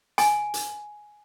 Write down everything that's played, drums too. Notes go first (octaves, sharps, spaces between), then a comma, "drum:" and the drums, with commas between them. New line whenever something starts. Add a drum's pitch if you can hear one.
G#5, drum: hi-hat
drum: hi-hat